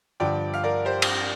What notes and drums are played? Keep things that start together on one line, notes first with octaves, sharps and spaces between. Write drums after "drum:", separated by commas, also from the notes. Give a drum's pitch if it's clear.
G2 D3 F3 D5 G5
F5
A#4 D5
G4 C5
drum: cymbal